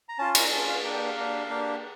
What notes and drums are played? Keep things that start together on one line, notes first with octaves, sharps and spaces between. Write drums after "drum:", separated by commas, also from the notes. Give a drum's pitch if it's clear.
A#5
C#4 F4 A5
A#5, drum: cymbal
C#4 F4 A5
F5
A#3 D4 G4 G5
G5
F5
A#3 D4 G4
A#3 D4 G4